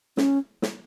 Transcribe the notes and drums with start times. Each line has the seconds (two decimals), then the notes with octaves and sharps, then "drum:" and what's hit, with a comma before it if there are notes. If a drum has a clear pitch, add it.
0.17 C#4, drum: snare
0.62 drum: snare